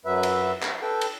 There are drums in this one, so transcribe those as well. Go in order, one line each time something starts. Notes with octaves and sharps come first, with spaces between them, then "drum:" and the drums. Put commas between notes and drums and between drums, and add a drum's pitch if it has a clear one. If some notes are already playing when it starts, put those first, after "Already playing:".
F#2 F#3 B4 E5
drum: cymbal
drum: clap
A4 B4 G5
drum: cymbal